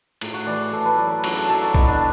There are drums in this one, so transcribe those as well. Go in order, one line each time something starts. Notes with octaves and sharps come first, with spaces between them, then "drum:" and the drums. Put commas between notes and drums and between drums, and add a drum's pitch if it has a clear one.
A2, drum: cymbal
F#4
E3 D5
A2 A4
B4
F#3 D5
B4
F#2 F#4, drum: cymbal
A4
F#3 A4
F#4
B2 E4, drum: kick B1
D4